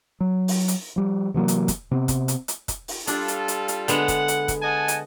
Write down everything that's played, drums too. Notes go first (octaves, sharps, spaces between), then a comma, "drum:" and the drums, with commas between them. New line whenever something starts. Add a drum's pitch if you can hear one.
F#3
drum: open hi-hat
drum: hi-hat
F3 G3
C3 E3 F#3 A#3
drum: hi-hat
drum: kick, hi-hat
C3 B3 C4
drum: kick, hi-hat
drum: hi-hat
drum: hi-hat
drum: kick, hi-hat
drum: open hi-hat
G3 D4 F4 A4, drum: hi-hat
drum: hi-hat
drum: hi-hat
drum: hi-hat
D3 G#3 B3 F#5, drum: hi-hat
drum: kick, hi-hat
drum: hi-hat
drum: kick, hi-hat
D#5 F#5 G#5 A5
drum: hi-hat